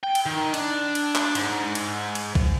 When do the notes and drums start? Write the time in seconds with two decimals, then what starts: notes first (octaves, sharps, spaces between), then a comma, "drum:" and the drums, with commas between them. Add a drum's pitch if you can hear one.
0.03 G5
0.15 drum: cymbal
0.26 D#3
0.54 D4, drum: cymbal
0.95 drum: cymbal
1.15 drum: clap
1.35 G#2, drum: cymbal
1.75 drum: cymbal
2.15 drum: cymbal
2.35 drum: kick B1